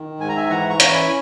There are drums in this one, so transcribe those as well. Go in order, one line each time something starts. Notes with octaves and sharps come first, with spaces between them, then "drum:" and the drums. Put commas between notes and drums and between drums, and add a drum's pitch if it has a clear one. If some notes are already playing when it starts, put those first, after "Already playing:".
Already playing: D#3
G#2 G#5
A#5
E5 G#5
E3 F#5 A#5
A#5 C#6
C#4, drum: hi-hat
G#5 B5